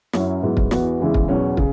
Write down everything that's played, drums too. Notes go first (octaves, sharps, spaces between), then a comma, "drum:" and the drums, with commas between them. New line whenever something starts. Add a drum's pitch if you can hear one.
F#2 F#3 C#4 E4, drum: snare
G#2 F#3 B3 E4
drum: kick
E2 E3 B3 F#4, drum: snare
E2 C#3 E3 G#3 E4
drum: kick
E2 B2 F#3 C#4
C#3, drum: kick